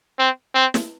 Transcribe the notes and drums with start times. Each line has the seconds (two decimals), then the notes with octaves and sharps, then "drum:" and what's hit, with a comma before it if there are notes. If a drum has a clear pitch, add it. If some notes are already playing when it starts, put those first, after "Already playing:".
0.19 C4
0.55 C4
0.74 drum: snare